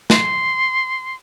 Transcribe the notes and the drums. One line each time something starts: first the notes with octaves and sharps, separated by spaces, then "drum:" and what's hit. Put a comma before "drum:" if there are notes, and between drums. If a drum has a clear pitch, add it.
C6, drum: snare